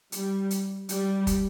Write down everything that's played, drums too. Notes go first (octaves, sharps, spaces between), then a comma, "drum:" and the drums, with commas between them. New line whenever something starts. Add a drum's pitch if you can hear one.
G3, drum: hi-hat
drum: hi-hat
G3, drum: hi-hat
drum: kick, hi-hat